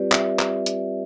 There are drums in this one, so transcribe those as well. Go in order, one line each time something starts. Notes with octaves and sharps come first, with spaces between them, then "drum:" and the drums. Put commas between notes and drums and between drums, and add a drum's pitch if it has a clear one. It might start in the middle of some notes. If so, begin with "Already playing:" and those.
Already playing: G3 C4 F4 G4 B4 D5
E5, drum: clap
drum: clap
drum: hi-hat